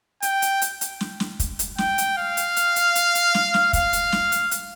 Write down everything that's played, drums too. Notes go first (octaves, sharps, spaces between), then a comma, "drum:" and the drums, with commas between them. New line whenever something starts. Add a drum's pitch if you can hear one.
G5, drum: hi-hat
drum: hi-hat
drum: hi-hat
drum: hi-hat
drum: snare
drum: snare
drum: kick, hi-hat
drum: hi-hat
G5, drum: snare
drum: hi-hat
F5
drum: hi-hat
drum: hi-hat
drum: hi-hat
drum: hi-hat
drum: hi-hat
drum: snare
drum: snare
F5, drum: kick, hi-hat
drum: hi-hat
drum: snare
drum: hi-hat
drum: hi-hat